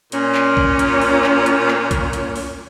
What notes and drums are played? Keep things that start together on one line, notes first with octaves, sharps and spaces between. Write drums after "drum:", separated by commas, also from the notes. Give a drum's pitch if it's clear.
A#2 C#4, drum: hi-hat
drum: clap
drum: kick
drum: hi-hat
drum: open hi-hat
drum: clap
drum: hi-hat
drum: clap
drum: kick, hi-hat
drum: hi-hat
drum: open hi-hat